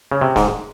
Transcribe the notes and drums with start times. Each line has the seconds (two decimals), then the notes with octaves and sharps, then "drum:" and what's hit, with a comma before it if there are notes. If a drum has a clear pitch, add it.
0.12 C#3
0.21 C3
0.36 G#2, drum: snare